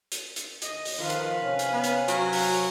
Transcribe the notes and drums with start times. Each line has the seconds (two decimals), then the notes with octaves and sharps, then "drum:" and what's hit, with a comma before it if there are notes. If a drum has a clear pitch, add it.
0.12 drum: hi-hat
0.36 drum: hi-hat
0.62 D#5, drum: hi-hat
0.85 drum: open hi-hat
0.99 D#3 F3 F4 B4 F5
1.10 drum: hi-hat
1.40 C3 C#4
1.59 drum: hi-hat
1.73 B3
1.84 drum: hi-hat
2.08 F#3, drum: hi-hat
2.33 drum: open hi-hat